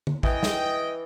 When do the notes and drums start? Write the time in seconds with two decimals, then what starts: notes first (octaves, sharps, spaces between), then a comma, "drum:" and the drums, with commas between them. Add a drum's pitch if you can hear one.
0.07 drum: tom D3
0.23 E3 D#5 G5, drum: kick
0.43 drum: snare